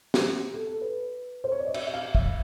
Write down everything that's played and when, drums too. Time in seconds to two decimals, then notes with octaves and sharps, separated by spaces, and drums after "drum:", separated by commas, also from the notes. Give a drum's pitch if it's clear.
0.14 G4, drum: snare
0.53 A4
0.67 A4
0.81 B4
1.44 C5
1.52 C#5
1.59 D5
1.66 D#5
1.74 E5, drum: cymbal
1.86 E5
1.93 F5
2.15 E5, drum: kick